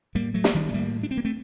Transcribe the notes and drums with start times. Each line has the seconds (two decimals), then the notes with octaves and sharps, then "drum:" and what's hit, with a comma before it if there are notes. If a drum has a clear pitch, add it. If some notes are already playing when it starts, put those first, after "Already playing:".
0.15 A2 G3 A#3
0.34 F#3 A3
0.44 drum: snare
0.55 D#3 G3
0.69 A3
0.74 A2 G3 A#3
1.03 D4
1.11 C4
1.17 A#3
1.25 A3 C4